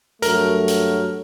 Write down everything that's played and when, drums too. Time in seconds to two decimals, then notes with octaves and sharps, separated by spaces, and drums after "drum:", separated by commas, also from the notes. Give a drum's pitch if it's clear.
0.22 G2 F#3 A3 A#4, drum: hi-hat
0.68 drum: hi-hat